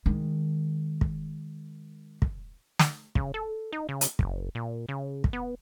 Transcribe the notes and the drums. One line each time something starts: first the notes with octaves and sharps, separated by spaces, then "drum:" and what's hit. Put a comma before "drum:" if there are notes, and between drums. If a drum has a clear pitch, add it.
D#3 G#3
drum: kick
drum: kick
drum: snare
C#3, drum: kick
A4
D#4
C#3
drum: hi-hat
F#1, drum: kick
A#2
C#3
drum: kick
B3